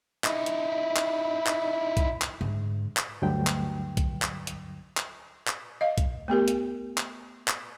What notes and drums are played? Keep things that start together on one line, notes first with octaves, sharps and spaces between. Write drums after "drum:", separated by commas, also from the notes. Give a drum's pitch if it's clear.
D#4 E4, drum: clap
drum: hi-hat
drum: clap
drum: clap
drum: kick B1, hi-hat
drum: clap
G#2 D3
drum: clap
D2 G2 D3 F#3 G5
drum: clap
drum: kick B1, hi-hat
drum: clap
drum: hi-hat
drum: clap
drum: clap
D#5 F5
drum: kick B1, hi-hat
A3 B3 G4 A#4
drum: hi-hat
drum: clap
drum: clap